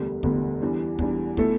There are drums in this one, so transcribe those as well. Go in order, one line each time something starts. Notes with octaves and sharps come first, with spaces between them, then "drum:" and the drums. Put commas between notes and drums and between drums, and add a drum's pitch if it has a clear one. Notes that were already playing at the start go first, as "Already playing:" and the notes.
Already playing: E1 D2 D3 G3 B3
E1 D2 D3 G3 B3, drum: kick
E2 E3 G3 D4
E2 E3 G3 D4, drum: kick
B2 A3 E4 A4, drum: kick